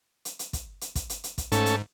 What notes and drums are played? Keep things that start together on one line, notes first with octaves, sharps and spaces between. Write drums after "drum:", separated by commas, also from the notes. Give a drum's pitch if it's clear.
drum: hi-hat
drum: hi-hat
drum: kick, hi-hat
drum: hi-hat
drum: kick, hi-hat
drum: hi-hat
drum: hi-hat
drum: kick, hi-hat
G#2 A3 C#4 A4, drum: hi-hat
drum: hi-hat